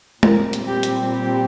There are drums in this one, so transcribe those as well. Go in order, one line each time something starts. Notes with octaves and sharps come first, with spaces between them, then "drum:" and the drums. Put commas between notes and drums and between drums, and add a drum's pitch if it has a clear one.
A#2 G3 C4 A#4, drum: tom G#3
drum: hi-hat
G4
drum: hi-hat
G4